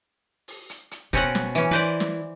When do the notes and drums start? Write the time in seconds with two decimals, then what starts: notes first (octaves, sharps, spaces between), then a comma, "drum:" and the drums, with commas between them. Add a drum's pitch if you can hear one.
0.48 drum: open hi-hat
0.70 drum: hi-hat
0.91 drum: hi-hat
1.13 B2 C4 C#4 F#5, drum: kick F1, hi-hat
1.35 drum: snare
1.55 E3 C#4, drum: hi-hat
1.71 E3 B4 C5 D5
2.00 drum: snare